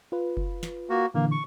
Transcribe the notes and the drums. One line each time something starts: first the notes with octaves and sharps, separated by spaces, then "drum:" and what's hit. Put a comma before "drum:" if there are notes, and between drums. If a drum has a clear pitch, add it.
F4 B4
drum: kick F#1
drum: snare
A#3 F#4
A#2 D3 E3 A#3
C#6